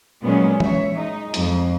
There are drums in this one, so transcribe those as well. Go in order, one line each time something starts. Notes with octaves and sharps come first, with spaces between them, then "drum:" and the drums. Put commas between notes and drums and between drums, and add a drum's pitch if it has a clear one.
A#2 F#3 G#3 B3 C#4
C#5 E5, drum: tom
G#3 D#4
F2, drum: hi-hat